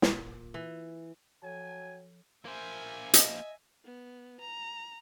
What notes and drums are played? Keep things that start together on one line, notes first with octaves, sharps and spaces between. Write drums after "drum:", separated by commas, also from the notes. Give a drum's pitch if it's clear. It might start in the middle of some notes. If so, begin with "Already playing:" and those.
A#2, drum: snare
E3
F3 F#3 A4 C#5 G#5
A#3 C5 E5 G#5
D#5, drum: hi-hat
B3
A#5